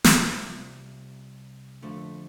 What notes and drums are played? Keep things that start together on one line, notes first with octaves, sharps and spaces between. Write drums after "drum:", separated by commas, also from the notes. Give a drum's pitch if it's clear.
C2 C3 G3 F4, drum: snare
F2 D3 A3